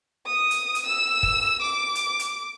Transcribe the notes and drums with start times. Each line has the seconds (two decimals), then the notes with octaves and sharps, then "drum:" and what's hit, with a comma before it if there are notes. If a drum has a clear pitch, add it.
0.27 D#6
0.51 drum: hi-hat
0.75 drum: hi-hat
0.86 E6
1.23 drum: kick
1.62 D6
1.95 drum: hi-hat
2.19 drum: hi-hat